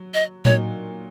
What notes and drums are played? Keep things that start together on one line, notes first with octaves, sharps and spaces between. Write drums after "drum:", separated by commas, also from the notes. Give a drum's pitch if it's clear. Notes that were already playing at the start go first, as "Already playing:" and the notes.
Already playing: F#3
D#5
A#2 F#3 D#4 C#5, drum: tom A2